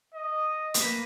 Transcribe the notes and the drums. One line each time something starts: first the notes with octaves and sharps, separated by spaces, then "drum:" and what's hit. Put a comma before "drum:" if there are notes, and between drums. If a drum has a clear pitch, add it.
D#5
A#3 B4, drum: hi-hat